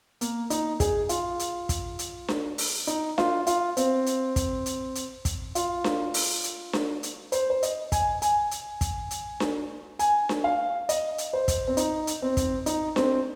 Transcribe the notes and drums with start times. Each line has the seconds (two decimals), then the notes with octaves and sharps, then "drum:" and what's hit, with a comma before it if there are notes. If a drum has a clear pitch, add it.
0.21 A#3, drum: hi-hat
0.50 D#4, drum: hi-hat
0.80 G#4, drum: kick, hi-hat
1.09 F4, drum: hi-hat
1.39 drum: hi-hat
1.69 drum: kick, hi-hat
1.99 drum: hi-hat
2.28 drum: snare D4
2.58 drum: open hi-hat
2.87 D#4, drum: hi-hat
3.18 F4, drum: snare D4
3.47 F4, drum: hi-hat
3.77 C4, drum: hi-hat
4.06 drum: hi-hat
4.36 drum: kick, hi-hat
4.66 drum: hi-hat
4.95 drum: hi-hat
5.25 drum: kick, hi-hat
5.55 F4, drum: hi-hat
5.84 drum: snare D4
6.14 drum: open hi-hat
6.44 drum: hi-hat
6.73 drum: snare D4
7.03 drum: hi-hat
7.32 C5, drum: hi-hat
7.50 C5
7.63 D#5, drum: hi-hat
7.92 G#5, drum: kick, hi-hat
8.22 G#5, drum: hi-hat
8.51 drum: hi-hat
8.81 drum: kick, hi-hat
9.11 drum: hi-hat
9.40 drum: snare D4
9.99 G#5, drum: hi-hat
10.29 drum: snare D4
10.44 F5
10.89 D#5, drum: hi-hat
11.18 drum: hi-hat
11.33 C5
11.48 drum: kick, hi-hat
11.68 C4
11.77 D#4, drum: hi-hat
12.07 drum: hi-hat
12.22 C4
12.37 drum: kick, hi-hat
12.66 D#4, drum: hi-hat
12.96 C4, drum: snare D4